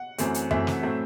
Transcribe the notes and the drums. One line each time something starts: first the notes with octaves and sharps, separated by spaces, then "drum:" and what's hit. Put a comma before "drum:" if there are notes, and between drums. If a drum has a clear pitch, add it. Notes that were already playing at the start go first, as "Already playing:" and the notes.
Already playing: F#5
F#2 E3 A3 C4, drum: hi-hat
drum: hi-hat
F#2 E3 A3 C4 E5, drum: tom F#2
drum: snare
A2 F#3 A3 C4